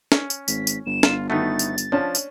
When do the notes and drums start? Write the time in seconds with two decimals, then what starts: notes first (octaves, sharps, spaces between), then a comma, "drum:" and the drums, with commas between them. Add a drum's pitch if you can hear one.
0.12 C#4, drum: snare
0.30 drum: tambourine
0.48 G#1 B6, drum: tambourine
0.67 drum: tambourine
0.86 G1 E7
1.03 G1 F4, drum: snare
1.30 D#3 A3 B3 D#4 F#4 A6
1.59 drum: tambourine
1.78 drum: tambourine
1.92 F3 C#4 D4 A5
2.15 drum: tambourine